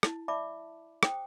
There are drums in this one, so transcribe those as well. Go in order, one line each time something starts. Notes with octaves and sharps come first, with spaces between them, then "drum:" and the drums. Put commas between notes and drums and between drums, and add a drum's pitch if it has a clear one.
E4 A5, drum: rim click
D5 E5 A5 B5 D6
G#4 C5 G5 D#6, drum: rim click